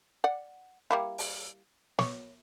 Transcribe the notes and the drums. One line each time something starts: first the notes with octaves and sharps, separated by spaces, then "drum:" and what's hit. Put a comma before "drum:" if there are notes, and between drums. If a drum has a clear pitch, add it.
D5 F#5
G3 A#3 E4
drum: open hi-hat
C#5, drum: snare